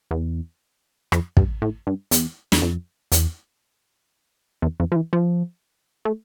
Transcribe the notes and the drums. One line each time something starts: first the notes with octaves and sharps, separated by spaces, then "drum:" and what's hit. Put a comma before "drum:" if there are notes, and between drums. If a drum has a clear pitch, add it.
E2
F2, drum: rim click
G2, drum: kick
A2
G2
E2, drum: hi-hat
E2, drum: snare
F2
E2, drum: hi-hat
E2
F2
F3
E3
F3
A3